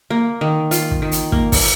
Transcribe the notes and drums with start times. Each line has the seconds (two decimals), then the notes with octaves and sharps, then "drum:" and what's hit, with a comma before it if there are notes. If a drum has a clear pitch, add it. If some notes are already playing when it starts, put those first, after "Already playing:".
0.10 A#3
0.41 D#3
0.71 F4, drum: hi-hat
0.91 drum: kick
1.02 D#3
1.12 drum: hi-hat
1.32 A#3, drum: kick
1.52 drum: kick, open hi-hat